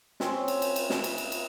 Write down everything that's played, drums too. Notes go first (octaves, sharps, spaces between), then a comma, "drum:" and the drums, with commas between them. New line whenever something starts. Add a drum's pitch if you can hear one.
C4 C#4, drum: snare
drum: cymbal
drum: cymbal
drum: cymbal
drum: snare
drum: cymbal
drum: cymbal
drum: cymbal